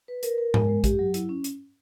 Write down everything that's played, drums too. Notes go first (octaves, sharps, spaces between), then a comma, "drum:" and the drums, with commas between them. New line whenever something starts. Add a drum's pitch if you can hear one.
B4
A#4, drum: hi-hat
A#4
G#3, drum: tom G#2
G#3
G4, drum: kick, hi-hat
F#3
E4, drum: hi-hat
C#4
drum: hi-hat